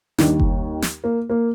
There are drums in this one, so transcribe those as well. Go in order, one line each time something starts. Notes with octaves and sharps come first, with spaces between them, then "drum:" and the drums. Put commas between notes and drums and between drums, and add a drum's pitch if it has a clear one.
D#2 D#3 G3 D4, drum: snare
drum: kick F#1
drum: snare
A#3
A#3